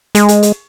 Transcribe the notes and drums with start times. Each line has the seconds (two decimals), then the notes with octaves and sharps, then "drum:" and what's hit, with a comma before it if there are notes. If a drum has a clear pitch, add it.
0.15 G#3, drum: hi-hat
0.28 drum: hi-hat
0.43 drum: hi-hat